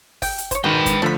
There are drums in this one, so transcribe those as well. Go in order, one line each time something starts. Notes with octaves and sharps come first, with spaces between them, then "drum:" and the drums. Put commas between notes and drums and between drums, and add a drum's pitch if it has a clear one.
G5, drum: kick, open hi-hat
drum: hi-hat
C5 C#5, drum: kick, hi-hat
G#2 D#3 F#4 B4 G5 E7
drum: kick, hi-hat
D3 F3 A3 D4 B5